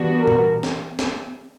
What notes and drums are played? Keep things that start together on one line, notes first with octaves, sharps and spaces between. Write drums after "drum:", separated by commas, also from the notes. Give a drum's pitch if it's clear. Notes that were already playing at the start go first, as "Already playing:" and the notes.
Already playing: E3 G3 B3 D4 F#4
A#4
drum: tom A#2
drum: snare C4
drum: snare C4